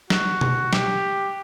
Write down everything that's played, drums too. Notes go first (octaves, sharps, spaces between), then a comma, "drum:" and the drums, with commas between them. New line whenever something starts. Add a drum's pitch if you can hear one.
F#4, drum: snare
drum: tom B2
G4, drum: snare